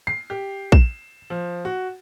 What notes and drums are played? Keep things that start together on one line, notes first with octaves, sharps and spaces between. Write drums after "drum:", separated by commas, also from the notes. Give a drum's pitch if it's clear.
C7
G4
E7, drum: kick A#1
F3
F#4